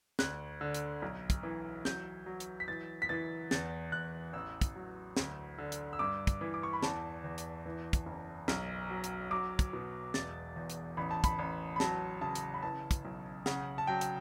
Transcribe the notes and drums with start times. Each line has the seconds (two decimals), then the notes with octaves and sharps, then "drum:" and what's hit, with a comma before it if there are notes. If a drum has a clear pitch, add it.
0.19 D2 F#6, drum: snare
0.61 D3
0.74 drum: hi-hat
1.02 B1
1.30 drum: kick, hi-hat
1.43 E3
1.85 F#3 G6, drum: snare
2.26 F#3
2.40 drum: hi-hat
2.60 B6
2.68 E3 A6
3.02 B6
3.09 E3 A6
3.51 E2 A6, drum: snare
3.92 E2 F#6
4.33 A1 E6
4.61 drum: kick, hi-hat
4.76 F#3
5.17 D2, drum: snare
5.58 D3
5.72 drum: hi-hat
5.93 E6
5.99 G2 D6
6.27 drum: kick, hi-hat
6.41 E3
6.54 D6
6.63 C#6
6.73 B5
6.83 E2 A5, drum: snare
7.24 E2
7.38 drum: hi-hat
7.66 E3
7.93 drum: kick, hi-hat
8.06 F#1
8.48 B1, drum: snare
8.90 F#3
9.04 drum: hi-hat
9.31 F#3 D6
9.59 drum: kick, hi-hat
9.73 B2
10.14 E1 A6, drum: snare
10.56 E2
10.70 drum: hi-hat
10.97 A1 B5
11.11 A5
11.24 B5, drum: kick, hi-hat
11.39 A1
11.76 B5
11.80 F#3 A5, drum: snare
12.21 C#3 A5
12.35 drum: hi-hat
12.54 B5
12.62 E3 A5
12.91 drum: kick, hi-hat
13.05 B1
13.46 C#3 F#5, drum: snare
13.78 A5
13.87 F#3 G5
14.01 drum: hi-hat